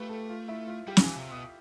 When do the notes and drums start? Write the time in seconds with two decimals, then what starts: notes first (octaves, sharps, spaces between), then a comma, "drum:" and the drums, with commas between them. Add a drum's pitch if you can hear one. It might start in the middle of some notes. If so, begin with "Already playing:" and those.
Already playing: A3 F4 G4 B4
0.09 A4
0.29 F4
0.48 E4
0.67 F4
0.87 G3 G4
0.97 D3, drum: snare
1.02 E3
1.17 C3
1.31 B2